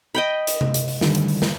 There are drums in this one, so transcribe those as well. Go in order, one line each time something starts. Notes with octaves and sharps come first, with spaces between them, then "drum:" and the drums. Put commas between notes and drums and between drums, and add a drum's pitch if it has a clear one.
D#5 G5 B5
drum: hi-hat
drum: tom C3
drum: hi-hat
drum: open hi-hat
D3 D#3 G3, drum: snare
drum: hi-hat
drum: open hi-hat
drum: snare